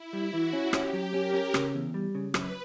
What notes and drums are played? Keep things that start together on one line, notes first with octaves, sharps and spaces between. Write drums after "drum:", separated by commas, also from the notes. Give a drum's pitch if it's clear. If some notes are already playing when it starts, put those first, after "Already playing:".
Already playing: E4
G3
E3 F#4
C#4
C#4 G4, drum: rim click
F#3
C#4 A#4
C#4
C#3, drum: rim click
E2
G3
C#3
F#2 B4, drum: rim click